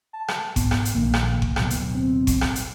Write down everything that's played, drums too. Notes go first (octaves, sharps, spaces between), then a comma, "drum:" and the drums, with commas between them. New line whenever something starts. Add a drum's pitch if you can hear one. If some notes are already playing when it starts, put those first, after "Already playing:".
A5
drum: rim click
G#2 B3, drum: kick G1, hi-hat
drum: rim click
drum: hi-hat
A#1 D#3 A#3
drum: rim click
drum: kick G1
D1 B2 F#3, drum: rim click
drum: hi-hat
C4
drum: kick G1, hi-hat
drum: rim click
drum: hi-hat